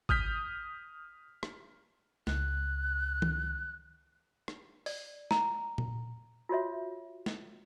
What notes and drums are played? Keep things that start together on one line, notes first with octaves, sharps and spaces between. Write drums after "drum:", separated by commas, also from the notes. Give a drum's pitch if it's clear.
D#6 F6 G6 B6, drum: kick G#1
drum: rim click
C#2 F#6, drum: snare
drum: tom D#3
drum: rim click
D5, drum: open hi-hat
A#5, drum: snare
drum: tom A#2
F4 F#4 C#5 E5
drum: snare